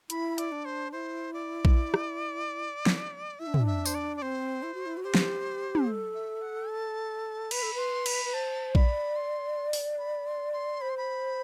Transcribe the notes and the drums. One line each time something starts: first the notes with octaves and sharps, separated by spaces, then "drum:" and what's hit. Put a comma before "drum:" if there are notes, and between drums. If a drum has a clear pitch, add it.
E4 B5, drum: hi-hat
D5, drum: hi-hat
D4
C5
E4 C5
D5
drum: kick A#1
drum: rim click
drum: snare
E4 E5
D4
C4, drum: tom
D4
E5
C5, drum: tambourine
D5
D5
C4 C5
E4
F#4
E4
F#4
G4 C5
drum: snare
drum: tom
A4
E5
F#5
A5
B4 B5, drum: cymbal
A4
B4 C6
B5, drum: cymbal
B4
C5 A5
D5 B5, drum: kick A#1
C6
drum: open hi-hat
B5
C6
C6
C5 B5
C6
B5